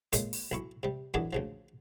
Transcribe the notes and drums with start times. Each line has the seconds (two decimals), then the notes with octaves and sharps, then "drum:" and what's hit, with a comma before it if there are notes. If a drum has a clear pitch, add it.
0.13 A#2 C#3 G#3 A3, drum: hi-hat
0.33 drum: open hi-hat
0.52 B1 E4 C#6
0.83 C3 G3
1.14 F#2 E3 D4 F#4 G#4 D5
1.33 D2 C#3 F3